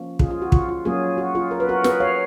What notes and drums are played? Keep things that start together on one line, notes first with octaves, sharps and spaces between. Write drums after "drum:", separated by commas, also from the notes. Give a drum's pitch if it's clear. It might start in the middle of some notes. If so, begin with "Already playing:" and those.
Already playing: F3 A#3 C#4
F4 G#4, drum: kick
F4 G#4
F#4
F4, drum: kick
F4
F#3 A#3 C#4 F4 G#4
F#4
F4 G#4
A#4
B4
F#4 A#4
G#4 B4, drum: snare
C#5 F5